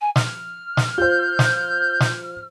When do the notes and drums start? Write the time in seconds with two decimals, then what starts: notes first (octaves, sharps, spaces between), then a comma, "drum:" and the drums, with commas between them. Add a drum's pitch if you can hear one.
0.01 G#5
0.16 F6, drum: snare
0.77 drum: snare
0.98 F4 C5 G6
1.39 drum: snare
2.00 drum: snare